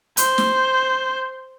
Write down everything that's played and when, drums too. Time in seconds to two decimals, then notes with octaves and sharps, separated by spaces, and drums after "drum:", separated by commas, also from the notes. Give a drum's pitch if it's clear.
0.17 C5, drum: hi-hat
0.38 drum: snare